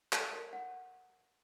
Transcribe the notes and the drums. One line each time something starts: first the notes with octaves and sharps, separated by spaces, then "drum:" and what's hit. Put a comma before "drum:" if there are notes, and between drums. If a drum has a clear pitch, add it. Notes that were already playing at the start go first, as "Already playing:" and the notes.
A4 D5 A5, drum: clap
A#4
F#5